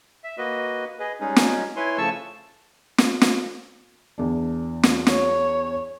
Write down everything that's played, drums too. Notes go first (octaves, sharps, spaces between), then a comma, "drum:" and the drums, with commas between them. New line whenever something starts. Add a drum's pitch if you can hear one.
E5
A#3 F#4 B4 D#5
G#4 B4 D#5
G3 G#3 C#4 D#4 G#4
drum: snare
E4 B4 C#5 G#5 C6
C#3 F3 A3 A5 C#6 E6
drum: snare
drum: snare
E2 D4
drum: snare
C#5, drum: snare